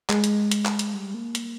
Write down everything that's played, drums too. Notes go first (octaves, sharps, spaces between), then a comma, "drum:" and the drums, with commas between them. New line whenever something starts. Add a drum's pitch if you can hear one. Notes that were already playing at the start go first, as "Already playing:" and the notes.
G#3, drum: clap
drum: hi-hat
drum: hi-hat
drum: clap
drum: hi-hat
G3
A#3
drum: hi-hat